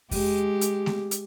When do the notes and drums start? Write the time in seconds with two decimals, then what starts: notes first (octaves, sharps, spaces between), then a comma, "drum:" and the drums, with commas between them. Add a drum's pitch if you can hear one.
0.11 G#3 G4, drum: kick E2, open hi-hat
0.61 drum: hi-hat
0.86 drum: snare A3
1.11 drum: hi-hat